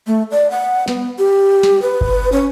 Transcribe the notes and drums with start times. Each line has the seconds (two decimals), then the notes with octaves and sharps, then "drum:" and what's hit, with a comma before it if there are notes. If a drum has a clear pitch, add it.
0.07 A3
0.31 D5
0.51 F#5
0.88 B3, drum: snare
1.19 G4
1.63 drum: snare
1.82 B4
2.01 drum: kick G1
2.32 C#4